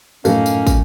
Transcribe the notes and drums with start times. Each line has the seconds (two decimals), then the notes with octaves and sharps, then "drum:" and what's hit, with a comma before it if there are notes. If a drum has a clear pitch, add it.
0.25 F#2 A2 F3 A3 A#3 C#4 D#4, drum: tambourine
0.46 drum: tambourine
0.67 drum: kick, tambourine